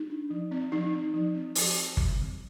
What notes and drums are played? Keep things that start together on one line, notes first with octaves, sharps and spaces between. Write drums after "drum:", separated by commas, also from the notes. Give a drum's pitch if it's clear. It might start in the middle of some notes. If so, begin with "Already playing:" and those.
Already playing: D#4
D4
F3
C4
F3 D#4
C4
F3
C4
F3, drum: open hi-hat
C4
G3, drum: kick G1
C4